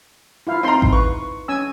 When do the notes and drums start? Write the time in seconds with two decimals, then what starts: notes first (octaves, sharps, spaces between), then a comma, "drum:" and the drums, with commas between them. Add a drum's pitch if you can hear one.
0.47 E4 F4 F5
0.63 C4 D#4 A#5 C6
0.82 drum: kick A1
0.93 B4 C#6
1.48 C#4 G#5 E6